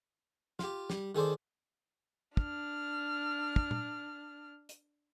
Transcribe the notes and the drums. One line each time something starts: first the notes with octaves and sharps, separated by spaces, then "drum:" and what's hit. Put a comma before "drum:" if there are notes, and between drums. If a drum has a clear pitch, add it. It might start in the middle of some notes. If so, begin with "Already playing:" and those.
F4 G4, drum: snare
G3, drum: snare
D#3 G#4 A4 C5 D5
D4 F6, drum: kick
drum: kick
drum: tom
drum: hi-hat